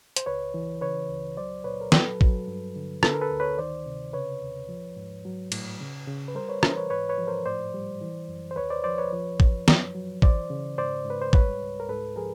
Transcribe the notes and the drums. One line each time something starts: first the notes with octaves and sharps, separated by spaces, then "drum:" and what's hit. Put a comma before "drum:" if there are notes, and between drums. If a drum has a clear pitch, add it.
C5, drum: hi-hat
C#2 B4 C#5
E3
C#3 B4 C#5
C#2
F#3 C5 D5
A#2 B4 C#5
A#4
F#3 A4 B4, drum: snare
F#3, drum: kick
G2
D3
D3 A4 B4, drum: rim click
A#4
A4 B4
D2
B4 C#5
D#3 C5 D5
C3
C#3 B4 C#5
D#2
F3
G#2
F#3
A2, drum: cymbal
C#3
C#3
B4
G3 A#4 C5
B4 C#5
E3 A#4 C5, drum: rim click
B4 C#5
G#2 B4 C#5
B4 C#5
F3
A#4 C5
A2 C5 D5
G3
E3
F#2
C5
D#2 B4 C#5
C5 D5
F3 C5 D5
B4 C#5
F3
F#2, drum: kick
F#3, drum: snare
F#3
E3 C5 D5, drum: kick
C#3
G#2 C5 D5
G#2 B4
C5
G3 B4 C#5, drum: kick
C#2
A#4
G#2 A4 B4
F3 G#4 A#4